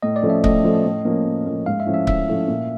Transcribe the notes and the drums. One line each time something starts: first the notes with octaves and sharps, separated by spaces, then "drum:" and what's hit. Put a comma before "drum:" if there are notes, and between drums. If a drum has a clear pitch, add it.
A2 D#5
D5
F3 A3 C#4
E5
A2 D#5, drum: kick C#1
F3 A3 C#4
A2
F3 A#3 C#4
A2
F3 A#3 C#4
G#2 F5
E5
F3 A3 C#4 E4
E5
G#2 E5, drum: kick C#1
F3 A3 C#4 E4
A#2